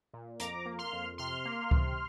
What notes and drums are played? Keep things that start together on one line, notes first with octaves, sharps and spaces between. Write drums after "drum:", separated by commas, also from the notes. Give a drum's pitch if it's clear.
A#2
F2 A#5 D6, drum: hi-hat
A#3
C6 F6
F2
C3 C6 F6
A#3
C3, drum: kick C#2